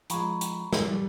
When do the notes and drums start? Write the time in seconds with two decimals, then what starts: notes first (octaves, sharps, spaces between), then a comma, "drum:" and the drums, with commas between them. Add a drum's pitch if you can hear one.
0.10 F3 G#3 A#5 B5 C#6, drum: hi-hat
0.41 drum: hi-hat
0.73 drum: snare
0.85 G3